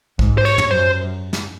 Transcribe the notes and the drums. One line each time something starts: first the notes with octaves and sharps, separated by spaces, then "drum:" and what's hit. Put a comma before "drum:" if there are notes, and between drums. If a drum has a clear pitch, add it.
G#2, drum: kick
C5
C#5, drum: cymbal
drum: tom
F#2 C5
drum: snare